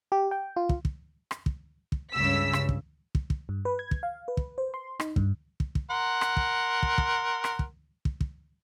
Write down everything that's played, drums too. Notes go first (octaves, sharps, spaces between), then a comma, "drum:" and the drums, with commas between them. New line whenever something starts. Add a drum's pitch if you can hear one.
G4
G5
F4
drum: kick
drum: kick
drum: rim click
drum: kick
drum: kick
C#2 G2 C#3 E6 B6
drum: rim click
drum: kick
drum: kick
drum: kick
G2
B4
G#6
drum: kick
F5
B4
drum: kick
C5
C6
D#4, drum: rim click
G2, drum: kick
drum: kick
drum: kick
A#4 F#5 C6
drum: rim click
drum: kick
drum: kick
drum: kick
drum: rim click
drum: kick
drum: kick
drum: kick